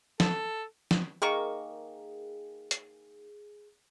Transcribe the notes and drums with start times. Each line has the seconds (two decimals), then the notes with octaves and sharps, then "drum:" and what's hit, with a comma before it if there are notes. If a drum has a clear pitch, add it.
0.20 A4, drum: snare
0.91 drum: snare
1.22 D#3 A#3 G#4 C#6
2.71 drum: hi-hat